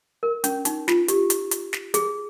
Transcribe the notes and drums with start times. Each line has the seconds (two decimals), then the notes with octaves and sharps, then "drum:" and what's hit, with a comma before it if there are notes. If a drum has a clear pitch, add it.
0.23 A#4
0.44 C#4, drum: hi-hat
0.65 D#4, drum: hi-hat
0.88 F4, drum: snare
1.08 G4, drum: hi-hat
1.30 drum: hi-hat
1.51 drum: hi-hat
1.73 drum: snare
1.94 G#4, drum: hi-hat